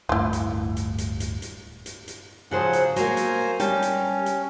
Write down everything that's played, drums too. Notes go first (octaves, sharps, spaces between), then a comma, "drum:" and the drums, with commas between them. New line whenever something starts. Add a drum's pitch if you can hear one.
D1 G2 A3 E4 F4
drum: hi-hat
drum: hi-hat
drum: hi-hat
drum: hi-hat
drum: hi-hat
drum: hi-hat
drum: hi-hat
C#3 F3 F#3 G#4 C5 F#5
drum: hi-hat
F#3 A#3 C5 G#5 A#5, drum: hi-hat
drum: hi-hat
G3 C#4 G5 A5, drum: hi-hat
drum: hi-hat
drum: hi-hat